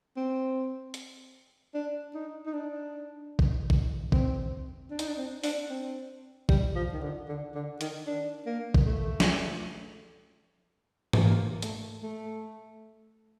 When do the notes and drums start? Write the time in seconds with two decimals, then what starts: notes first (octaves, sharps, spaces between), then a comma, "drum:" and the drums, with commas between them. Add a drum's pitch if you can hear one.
0.17 C4
0.94 drum: hi-hat
1.74 D4
2.15 D#4
2.46 D#4
2.53 D4
3.39 drum: kick
3.70 drum: kick
4.12 C4, drum: kick
4.91 D4
4.99 D#4, drum: hi-hat
5.08 D4
5.18 C4
5.43 D4, drum: open hi-hat
5.70 C4
6.49 G3, drum: kick
6.75 F3
6.93 D#3
7.01 D3
7.29 D3
7.54 D3
7.81 D#3, drum: hi-hat
8.07 D4
8.46 A#3
8.74 drum: kick
8.86 A3
9.20 drum: snare
11.13 drum: tom G#2
11.24 A#3
11.62 A3, drum: hi-hat
12.02 A3